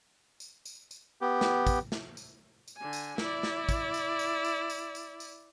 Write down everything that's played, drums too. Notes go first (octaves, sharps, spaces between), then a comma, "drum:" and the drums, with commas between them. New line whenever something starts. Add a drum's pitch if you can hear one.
drum: tambourine
drum: tambourine
drum: tambourine
B3 G4
drum: snare
drum: kick, tambourine
drum: snare
drum: tambourine
drum: tambourine
D3 G#5
drum: tambourine
E4 D5, drum: snare
drum: snare
drum: kick, tambourine
drum: tambourine
drum: tambourine
drum: tambourine
drum: tambourine
drum: tambourine
drum: tambourine